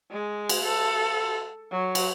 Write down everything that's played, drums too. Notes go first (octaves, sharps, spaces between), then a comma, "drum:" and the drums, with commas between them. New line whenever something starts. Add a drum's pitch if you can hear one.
G#3
drum: cymbal
A4
F#3
drum: cymbal